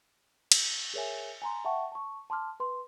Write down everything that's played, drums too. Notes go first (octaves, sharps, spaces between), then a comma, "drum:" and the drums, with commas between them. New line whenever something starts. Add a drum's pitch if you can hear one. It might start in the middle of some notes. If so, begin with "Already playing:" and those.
drum: cymbal
G#4 A#4 C#5 E5 G#5
G#5 A#5 C6
E5 F#5 G5 A5 C#6
A5 C#6
A5 C6 D6 F6
B4 C6